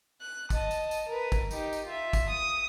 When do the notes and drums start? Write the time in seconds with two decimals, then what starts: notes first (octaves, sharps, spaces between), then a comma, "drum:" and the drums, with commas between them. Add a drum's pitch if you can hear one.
0.21 F#6
0.50 D#5 A5, drum: kick, tambourine
0.71 drum: tambourine
0.91 drum: tambourine
1.08 A#4 B4
1.32 drum: kick, tambourine
1.51 D#4 G4, drum: tambourine
1.73 drum: tambourine
1.86 F4 E5
2.13 drum: kick, tambourine
2.29 D#6